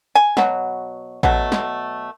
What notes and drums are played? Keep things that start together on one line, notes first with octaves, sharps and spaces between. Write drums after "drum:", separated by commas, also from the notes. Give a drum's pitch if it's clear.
G#5
B2 F#3, drum: snare
B2 F#3 A3, drum: kick A1
drum: snare